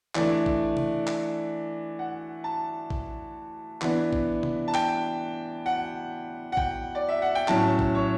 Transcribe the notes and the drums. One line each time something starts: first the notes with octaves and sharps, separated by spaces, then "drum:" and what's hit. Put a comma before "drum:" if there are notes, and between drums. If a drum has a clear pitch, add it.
E3 A3 D4 D5, drum: clap
drum: kick A1
drum: tom C3
drum: clap
F#5
A5
drum: kick A1
E3 B3 D4, drum: clap
drum: kick A1
drum: tom C3
A5
G5, drum: clap
F#5
F#5
G5, drum: kick A1
D5
E5
F#5
G5
A2 F#3 C#4 A5, drum: clap
drum: kick A1
C#5